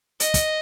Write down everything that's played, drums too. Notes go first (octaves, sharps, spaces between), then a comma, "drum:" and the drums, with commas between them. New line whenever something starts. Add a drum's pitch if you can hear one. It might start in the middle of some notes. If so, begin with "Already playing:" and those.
D#5, drum: hi-hat
drum: kick, hi-hat